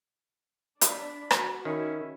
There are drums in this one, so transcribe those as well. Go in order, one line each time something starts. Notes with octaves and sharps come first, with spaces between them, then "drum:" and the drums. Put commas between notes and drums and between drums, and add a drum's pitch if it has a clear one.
D4 B5, drum: hi-hat
F#4, drum: rim click
D#3 C#4 E4